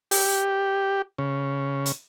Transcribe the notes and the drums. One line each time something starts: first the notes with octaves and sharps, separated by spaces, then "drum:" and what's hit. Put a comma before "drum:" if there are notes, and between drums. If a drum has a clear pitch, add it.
G4, drum: open hi-hat
C#3
drum: hi-hat